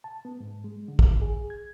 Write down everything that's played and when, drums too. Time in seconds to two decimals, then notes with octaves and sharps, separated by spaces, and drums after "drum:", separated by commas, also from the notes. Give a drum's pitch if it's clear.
0.04 A5
0.25 B3
0.40 G#2
0.64 G#3
0.88 D3
0.99 drum: kick
1.22 G#4
1.50 G#6